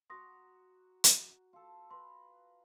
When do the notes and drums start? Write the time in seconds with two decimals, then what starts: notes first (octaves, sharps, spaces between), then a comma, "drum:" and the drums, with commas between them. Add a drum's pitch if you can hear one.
0.10 F#4 A#5 C6 D#6 A#6
1.04 drum: hi-hat
1.53 F4 A4
1.90 B4 A#5 C6